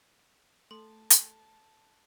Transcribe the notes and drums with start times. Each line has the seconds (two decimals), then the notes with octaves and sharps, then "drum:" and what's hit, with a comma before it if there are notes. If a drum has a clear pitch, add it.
0.71 A3 A4 A5 C6
1.10 drum: hi-hat